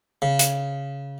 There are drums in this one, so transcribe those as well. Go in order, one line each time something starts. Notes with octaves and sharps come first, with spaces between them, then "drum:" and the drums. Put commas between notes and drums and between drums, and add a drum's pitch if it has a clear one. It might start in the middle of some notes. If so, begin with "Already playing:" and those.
C#3
drum: hi-hat